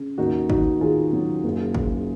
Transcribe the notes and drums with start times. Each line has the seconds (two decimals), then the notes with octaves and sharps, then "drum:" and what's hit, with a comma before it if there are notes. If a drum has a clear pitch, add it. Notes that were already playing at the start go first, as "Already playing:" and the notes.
Already playing: C#3
0.18 D#2 D#4 F#4
0.50 D#2 D#4 F#4, drum: kick
0.81 D#3 F4 G#4
1.13 F#3
1.44 F#1
1.74 drum: kick